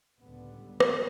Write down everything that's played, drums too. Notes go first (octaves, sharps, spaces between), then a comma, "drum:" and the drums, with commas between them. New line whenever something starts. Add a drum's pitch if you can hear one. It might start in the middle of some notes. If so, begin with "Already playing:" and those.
C#2 A2 D3 G3 B3
drum: rim click